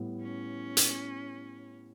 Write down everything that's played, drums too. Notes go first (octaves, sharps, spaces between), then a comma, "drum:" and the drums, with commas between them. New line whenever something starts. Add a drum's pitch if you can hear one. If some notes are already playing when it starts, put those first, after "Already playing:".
Already playing: A2 G3 B3 E4
C#4
drum: hi-hat